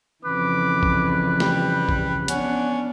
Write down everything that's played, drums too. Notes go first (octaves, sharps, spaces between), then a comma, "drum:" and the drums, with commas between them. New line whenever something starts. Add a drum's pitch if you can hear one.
F2 C#3 E3 B4 D6
drum: kick
G3 G4, drum: snare
drum: kick
B3 C#4 D4 F#5, drum: hi-hat